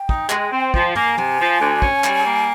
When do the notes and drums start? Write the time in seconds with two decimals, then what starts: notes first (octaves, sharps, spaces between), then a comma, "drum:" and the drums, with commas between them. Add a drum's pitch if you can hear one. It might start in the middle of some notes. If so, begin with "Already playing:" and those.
Already playing: G5
0.09 D#4, drum: kick
0.30 G#3, drum: clap
0.52 C4
0.74 F3, drum: kick
0.95 A#3 G#5, drum: tom
1.18 C3, drum: tom
1.40 F3
1.60 D2
1.82 C#4, drum: kick
2.04 G3, drum: clap
2.26 A#3